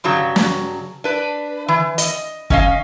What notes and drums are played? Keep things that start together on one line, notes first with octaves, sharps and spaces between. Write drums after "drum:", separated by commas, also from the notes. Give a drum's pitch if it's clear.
G2 C#3 F#3
drum: snare
D4 B4
E3
D#5, drum: hi-hat
C#4 D#5 F5, drum: kick